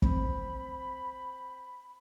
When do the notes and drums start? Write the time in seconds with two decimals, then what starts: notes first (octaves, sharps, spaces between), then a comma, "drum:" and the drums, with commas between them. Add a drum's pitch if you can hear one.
0.02 C4 B5, drum: kick